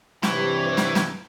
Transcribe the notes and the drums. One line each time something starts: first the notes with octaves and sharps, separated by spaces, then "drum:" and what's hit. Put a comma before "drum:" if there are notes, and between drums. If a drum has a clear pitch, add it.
G2 C3 E3 C#5, drum: snare
drum: snare
drum: snare